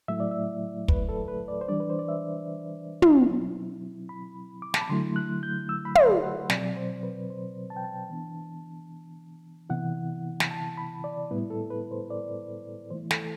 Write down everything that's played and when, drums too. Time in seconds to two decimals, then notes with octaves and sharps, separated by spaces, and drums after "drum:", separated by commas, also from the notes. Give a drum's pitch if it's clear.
0.08 A2 F#3 A3 E4 E5
0.20 D5
0.31 E5
0.88 B4, drum: kick
1.09 A4
1.28 B4
1.48 D5
1.61 C5
1.68 E3 G3 D4 D5
1.80 B4
1.90 C5
1.99 D5
2.08 E5
3.02 drum: tom
3.28 B2 F#3 C4 E4
4.09 B5
4.62 D6
4.74 A5, drum: snare
4.81 B5
4.89 D3 F#3 A3 E4 C6
5.16 F#6
5.43 G6
5.69 E6
5.85 B5
5.95 C6, drum: tom
6.23 F#5
6.50 B2 F#3 C4 D5, drum: snare
6.76 C5
7.03 B4
7.30 C5
7.70 A5
7.77 G5
7.84 A5
8.10 E3 B3 D4
9.70 C3 E3 B3 E4 F#5
10.40 drum: snare
10.51 A5
10.78 B5
11.04 D5
11.31 A2 G3 B3 E4 B4
11.50 A4
11.70 B4
11.91 C5
12.10 D5
12.90 E3 A3 E4 C5
13.11 A4, drum: snare